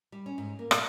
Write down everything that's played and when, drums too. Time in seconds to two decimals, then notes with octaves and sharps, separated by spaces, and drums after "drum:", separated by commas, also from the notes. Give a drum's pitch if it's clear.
0.12 G3
0.26 C#4
0.38 G#2
0.59 A#3
0.71 B2, drum: rim click